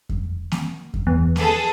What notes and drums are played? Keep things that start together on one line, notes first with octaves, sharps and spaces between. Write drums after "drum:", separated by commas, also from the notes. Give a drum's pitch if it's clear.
drum: kick F2
drum: snare A#3
drum: kick F2
E2
G#4 A4 B4, drum: snare A#3